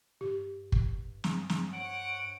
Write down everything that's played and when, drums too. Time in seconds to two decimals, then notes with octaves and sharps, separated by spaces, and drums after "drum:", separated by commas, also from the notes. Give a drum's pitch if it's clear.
0.21 G2 G4
0.72 drum: kick
1.24 drum: snare
1.50 drum: snare
1.73 C5 C#5 F#5 D7